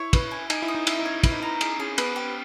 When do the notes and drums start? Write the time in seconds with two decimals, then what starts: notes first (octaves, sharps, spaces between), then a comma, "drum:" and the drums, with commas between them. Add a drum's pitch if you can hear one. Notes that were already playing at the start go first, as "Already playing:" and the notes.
Already playing: E4 C#5
0.13 B4, drum: kick, cymbal
0.31 G#5
0.50 D#4 G#5, drum: cymbal
0.62 E4
0.68 D#6
0.75 D#4
0.87 E4 E5, drum: cymbal
0.99 D#4
1.05 C#5
1.24 E4 B4, drum: kick, cymbal
1.32 D#4
1.40 E4 A#5
1.61 D#4 G#4, drum: cymbal
1.79 C#4 G#4
1.98 B3 B4, drum: cymbal
2.16 G4